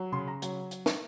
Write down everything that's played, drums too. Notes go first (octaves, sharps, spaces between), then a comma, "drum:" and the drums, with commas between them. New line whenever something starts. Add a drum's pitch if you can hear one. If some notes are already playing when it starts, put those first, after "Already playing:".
Already playing: F#3
C#3 C6
A#5
F#3, drum: hi-hat
drum: hi-hat
drum: snare